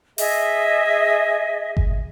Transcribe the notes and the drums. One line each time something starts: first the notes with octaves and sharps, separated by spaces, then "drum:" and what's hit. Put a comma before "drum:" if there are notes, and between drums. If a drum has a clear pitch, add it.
G#4 D#5 E5, drum: open hi-hat
drum: kick G1